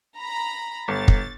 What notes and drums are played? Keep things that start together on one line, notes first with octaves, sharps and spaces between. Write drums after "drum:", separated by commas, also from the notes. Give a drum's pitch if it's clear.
A#5 B5
G1 A6
drum: kick